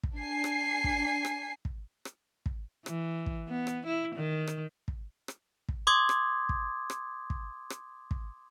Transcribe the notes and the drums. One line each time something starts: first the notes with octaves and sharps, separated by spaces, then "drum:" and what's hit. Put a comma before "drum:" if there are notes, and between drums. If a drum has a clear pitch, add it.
drum: kick
D4 G#5 C7
drum: rim click
drum: kick
drum: rim click
drum: kick
drum: rim click
drum: kick
E3, drum: rim click
drum: kick
B3
drum: rim click
E4
D#3
drum: rim click
drum: kick
drum: rim click
drum: kick
C6 D6 D#6 G#6
drum: rim click
drum: kick
drum: rim click
drum: kick
drum: rim click
drum: kick